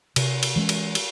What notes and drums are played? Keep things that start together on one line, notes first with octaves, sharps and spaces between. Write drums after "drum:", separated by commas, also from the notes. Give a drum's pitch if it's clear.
C3, drum: cymbal
drum: cymbal
E3 G#3 C#4
drum: cymbal
drum: cymbal